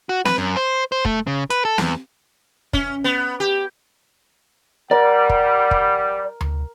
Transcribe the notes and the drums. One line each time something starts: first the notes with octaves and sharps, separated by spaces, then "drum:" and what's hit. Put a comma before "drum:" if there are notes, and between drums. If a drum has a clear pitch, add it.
F#4
B4, drum: snare
F#2
C5
C5
A3, drum: kick
C#3
B4, drum: hi-hat
A4
E2, drum: snare
C#4, drum: kick
B3
G4
G3 A#4 D5 F#5
drum: kick
drum: kick
drum: tom D2